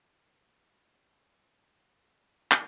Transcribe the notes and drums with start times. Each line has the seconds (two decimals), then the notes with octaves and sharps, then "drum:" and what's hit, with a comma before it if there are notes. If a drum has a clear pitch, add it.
0.17 A#2 G3 A#5
0.51 C#6
0.84 G2 E3 G3
1.17 C#6
1.51 A2 G3 A#5
1.84 G5
2.18 A2 F3 A3 F5
2.51 drum: clap